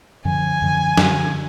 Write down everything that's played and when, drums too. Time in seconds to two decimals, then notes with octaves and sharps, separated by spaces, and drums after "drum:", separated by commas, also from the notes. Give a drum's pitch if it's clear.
0.25 F#2 D3 F3 G#5
0.62 F#2 D3 F3
0.98 F#2 D3 F3, drum: snare